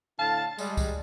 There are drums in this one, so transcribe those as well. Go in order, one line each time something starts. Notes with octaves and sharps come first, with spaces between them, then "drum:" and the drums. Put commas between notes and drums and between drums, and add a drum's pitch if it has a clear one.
A2 D3 F5 A5
G3 G#3, drum: tambourine
drum: kick C#2, tambourine